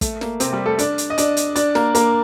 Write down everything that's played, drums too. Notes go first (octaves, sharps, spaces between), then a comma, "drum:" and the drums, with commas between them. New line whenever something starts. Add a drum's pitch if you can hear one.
A3, drum: kick, hi-hat
A#3, drum: snare
C3 C4, drum: hi-hat
G3 G4
A3 A4
D4 D5, drum: hi-hat
drum: hi-hat
D#5
D4 D5, drum: hi-hat
drum: hi-hat
D4 D5, drum: hi-hat
A#3 A#4, drum: snare
A#3 A#4, drum: hi-hat